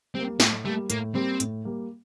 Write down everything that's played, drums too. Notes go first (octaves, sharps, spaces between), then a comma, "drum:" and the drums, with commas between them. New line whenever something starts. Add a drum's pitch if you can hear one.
G3 A#3 C4
A2 A3, drum: snare
G3 A3 A#3
A2 A#3, drum: hi-hat
G3 A#3 C4
A2, drum: hi-hat
G3 A#3